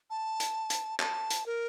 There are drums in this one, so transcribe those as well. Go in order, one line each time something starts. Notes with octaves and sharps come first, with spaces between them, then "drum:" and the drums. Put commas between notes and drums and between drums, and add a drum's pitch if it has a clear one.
A5
drum: hi-hat
drum: hi-hat
A5, drum: clap
drum: hi-hat
A#4